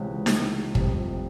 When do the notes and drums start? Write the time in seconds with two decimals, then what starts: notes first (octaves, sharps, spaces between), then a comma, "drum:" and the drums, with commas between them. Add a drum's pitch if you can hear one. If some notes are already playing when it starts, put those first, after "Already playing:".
Already playing: C#2 C3 E3 G#3
0.26 drum: snare D#4
0.75 F1 F2 C3 G3 C4, drum: kick